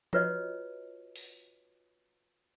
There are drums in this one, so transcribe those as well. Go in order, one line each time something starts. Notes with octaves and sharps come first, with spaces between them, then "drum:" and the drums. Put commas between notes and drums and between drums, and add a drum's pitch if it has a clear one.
F4 F#4 B4 C#5 D#5, drum: tom F3
drum: open hi-hat